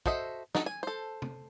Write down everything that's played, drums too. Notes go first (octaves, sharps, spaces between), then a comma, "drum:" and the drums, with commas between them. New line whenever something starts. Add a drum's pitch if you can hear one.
F#4 A4 C5 D#5 E5, drum: kick
D#4 F#4 A4, drum: snare
G#5
A4 C5
drum: tom C3